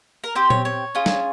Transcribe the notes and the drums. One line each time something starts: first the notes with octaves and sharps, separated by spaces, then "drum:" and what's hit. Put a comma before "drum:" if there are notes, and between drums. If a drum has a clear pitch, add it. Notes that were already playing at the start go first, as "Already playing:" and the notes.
A#4
C4 G4 C5
C#5, drum: tom A#2
C#5
C#4 F4 G#4
drum: snare